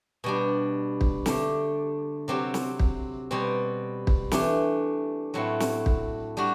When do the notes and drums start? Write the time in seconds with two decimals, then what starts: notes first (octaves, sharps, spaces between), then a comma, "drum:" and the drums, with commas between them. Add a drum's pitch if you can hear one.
0.24 B2 G3 D4
1.01 drum: kick
1.26 D3 A3 D4 G4, drum: snare
2.28 C3 F#3 C4 G4
2.54 drum: snare
2.79 drum: kick
3.31 B2 G3 C4
4.07 drum: kick
4.31 E3 A3 D4 G4, drum: snare
5.34 A2 F#3 C4 E4 A4
5.60 drum: snare
5.86 drum: kick
6.37 G3 D4 F#4